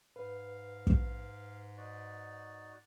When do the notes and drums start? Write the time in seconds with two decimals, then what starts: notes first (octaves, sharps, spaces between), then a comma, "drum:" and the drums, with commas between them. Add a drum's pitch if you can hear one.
0.16 G#2 B4 F5
0.87 drum: kick
1.77 D#4 F#4 D5